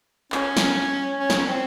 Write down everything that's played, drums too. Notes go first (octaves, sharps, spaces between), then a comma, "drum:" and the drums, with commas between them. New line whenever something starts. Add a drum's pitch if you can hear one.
C#4, drum: clap
drum: snare
C#4
drum: snare
C4